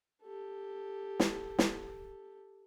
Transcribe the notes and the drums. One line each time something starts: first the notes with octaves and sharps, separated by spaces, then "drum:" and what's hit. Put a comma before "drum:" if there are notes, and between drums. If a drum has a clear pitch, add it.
G4 A4
drum: snare
drum: snare